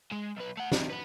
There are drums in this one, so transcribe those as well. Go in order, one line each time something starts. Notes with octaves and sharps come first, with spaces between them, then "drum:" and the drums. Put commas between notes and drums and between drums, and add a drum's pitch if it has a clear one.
G#3
B1 B4
A3 F#5
D#3 C4, drum: snare
B4 F#5